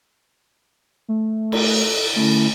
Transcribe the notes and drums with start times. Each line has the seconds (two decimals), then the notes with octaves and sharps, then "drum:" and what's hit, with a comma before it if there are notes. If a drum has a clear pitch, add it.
1.08 A3
1.52 A4, drum: cymbal
2.16 D3 A3 C#4 E4